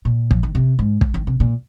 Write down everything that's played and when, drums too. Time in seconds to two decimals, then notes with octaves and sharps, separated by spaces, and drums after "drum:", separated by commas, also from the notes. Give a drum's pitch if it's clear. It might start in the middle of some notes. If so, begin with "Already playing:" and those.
0.05 A#2
0.31 F3, drum: kick
0.43 D#3
0.55 C3
0.79 G#2
1.01 drum: kick
1.14 D#3
1.27 C3
1.40 A#2